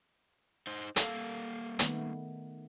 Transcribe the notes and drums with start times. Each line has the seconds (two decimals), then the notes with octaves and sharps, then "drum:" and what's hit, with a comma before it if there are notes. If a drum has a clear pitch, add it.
0.67 D#4 C5
0.96 G3 A#3 A4 F5, drum: hi-hat
1.79 D#3 A3 B3, drum: hi-hat